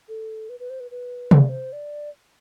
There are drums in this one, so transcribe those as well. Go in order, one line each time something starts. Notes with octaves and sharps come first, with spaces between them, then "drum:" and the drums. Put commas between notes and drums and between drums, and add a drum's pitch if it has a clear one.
A4
B4
B4
C5
B4
B4
C5, drum: tom C3
D5
C5
D5